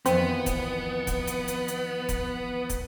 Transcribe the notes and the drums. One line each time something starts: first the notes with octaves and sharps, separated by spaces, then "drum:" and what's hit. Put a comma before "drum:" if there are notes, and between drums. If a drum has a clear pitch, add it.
F2 D#3 E3 B3 C4, drum: hi-hat
drum: kick, hi-hat
drum: kick, hi-hat
drum: hi-hat
drum: hi-hat
drum: hi-hat
drum: kick, hi-hat
drum: kick, hi-hat